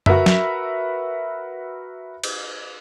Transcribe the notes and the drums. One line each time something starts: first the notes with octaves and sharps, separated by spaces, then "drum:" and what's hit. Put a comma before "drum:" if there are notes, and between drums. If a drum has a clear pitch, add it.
F#4 A#4 B4 E5, drum: tom F#2
drum: snare F#3
drum: cymbal